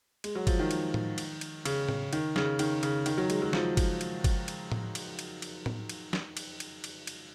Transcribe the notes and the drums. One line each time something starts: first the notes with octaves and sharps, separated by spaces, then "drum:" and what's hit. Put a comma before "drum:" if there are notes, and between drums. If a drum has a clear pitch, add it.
G#3, drum: cymbal
F#3
F3, drum: kick G1, cymbal
D#3
drum: cymbal
drum: tom A2
drum: cymbal
drum: cymbal
C#3, drum: cymbal
drum: tom A2
D#3, drum: cymbal
C#3, drum: snare
D#3, drum: cymbal
C#3, drum: cymbal
D#3, drum: cymbal
F#3
G#3, drum: cymbal
F#3
F3, drum: snare
drum: kick G1, cymbal
drum: cymbal
drum: kick G1, cymbal
drum: cymbal
drum: tom A2
drum: cymbal
drum: cymbal
drum: cymbal
drum: tom A2
drum: cymbal
drum: snare
drum: cymbal
drum: cymbal
drum: cymbal
drum: cymbal